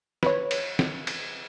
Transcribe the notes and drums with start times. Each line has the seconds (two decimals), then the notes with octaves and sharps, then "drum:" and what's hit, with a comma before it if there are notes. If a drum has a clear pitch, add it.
0.23 B4 C#5, drum: snare
0.51 drum: cymbal
0.79 drum: snare
1.07 drum: cymbal